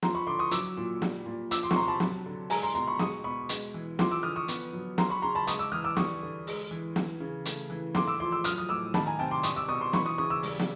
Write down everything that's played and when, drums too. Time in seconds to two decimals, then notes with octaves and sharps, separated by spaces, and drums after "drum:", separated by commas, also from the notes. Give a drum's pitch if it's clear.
0.02 F3 A#5 C6, drum: snare
0.15 B5 C#6
0.27 D3 C6 D6
0.39 C#6 D#6
0.51 F#3 D6 E6, drum: hi-hat
0.77 A#2
1.02 G3, drum: snare
1.26 A#2
1.51 F3 D6 E6, drum: hi-hat
1.63 C6 D6
1.71 C#6, drum: snare
1.76 C3 A#5 C6
1.88 A5 B5
2.00 F#3, drum: snare
2.26 D3
2.50 G#3 G#5 A#5, drum: open hi-hat
2.62 A#5 C6
2.75 B2 A#5 C6
2.87 B5 C#6
2.99 G#3 C#6 D#6, drum: snare
3.24 B2 B5 C#6
3.49 G#3, drum: hi-hat
3.74 E3
3.99 F3 C6 D6, drum: snare
4.11 D6 E6
4.23 D3 D#6 F6
4.36 C#6 D#6
4.48 B3, drum: hi-hat
4.73 F#3
4.98 F#3 A#5 C6, drum: snare
5.10 B5 C#6
5.22 C#3 A#5 C6
5.35 A5 B5
5.47 G#3 C#6 D#6, drum: hi-hat
5.59 D6 E6
5.72 E3 D#6 F6
5.84 D6 E6
5.97 G3 C#6 D#6, drum: snare
6.22 D3
6.47 G#3, drum: open hi-hat
6.71 E3
6.96 E3, drum: snare
7.20 C#3
7.45 A3, drum: hi-hat
7.70 E3
7.95 A3 C6 D6, drum: snare
8.07 D6 E6
8.20 F3 C6 D6
8.32 D6 E6
8.44 F#3 D#6 F6, drum: hi-hat
8.58 D#6
8.69 A2 D6 E6
8.94 D#3 A5 B5, drum: snare
9.06 G#5 A#5
9.19 C3 G5 A5
9.31 C6 D6
9.43 G3 C#6 D#6, drum: hi-hat
9.56 D6 E6
9.68 B2 C#6 D#6
9.81 C6 D6
9.93 E3 B5 C#6, drum: snare
10.06 C#6 D#6
10.18 C#3 C#6 D#6
10.30 D6 E6
10.43 G3, drum: open hi-hat
10.59 drum: snare